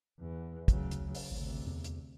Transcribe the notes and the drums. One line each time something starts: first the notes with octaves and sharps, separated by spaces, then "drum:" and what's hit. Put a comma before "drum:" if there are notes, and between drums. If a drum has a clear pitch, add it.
E2
D2 C#3 F#3, drum: kick, hi-hat
drum: hi-hat
drum: open hi-hat
G#1 D2 C3
E2
drum: hi-hat